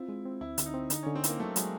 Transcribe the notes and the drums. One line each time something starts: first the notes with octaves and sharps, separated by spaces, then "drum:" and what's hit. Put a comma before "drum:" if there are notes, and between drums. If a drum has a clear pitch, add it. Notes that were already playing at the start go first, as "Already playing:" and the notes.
Already playing: C4 E4 F4
G#3
C4
D2 E4
D3, drum: hi-hat
D#4
C4
D3 D#4, drum: hi-hat
D3 C#4
C4
A#3 E4, drum: hi-hat
F#3 A3
F#3 G#3, drum: hi-hat